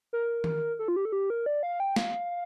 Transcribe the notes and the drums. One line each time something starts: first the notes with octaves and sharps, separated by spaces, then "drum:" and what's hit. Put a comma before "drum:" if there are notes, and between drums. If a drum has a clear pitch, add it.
A#4
drum: tom D#3
A4
F4
G4
A4
G4
A#4
D5
F5
G5
F5, drum: snare